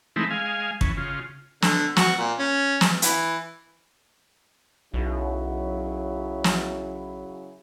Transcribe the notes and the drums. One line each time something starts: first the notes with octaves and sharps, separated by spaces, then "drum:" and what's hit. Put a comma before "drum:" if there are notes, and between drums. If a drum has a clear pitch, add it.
E3 G#3 A3 C4 D#4 E4
G#3 F5 G#5
E3 C#4, drum: kick
C#3 F4
D3, drum: snare
F#4, drum: snare
A#2
C#4
drum: snare
E3, drum: hi-hat
B1 C#3 F#3 E4
drum: snare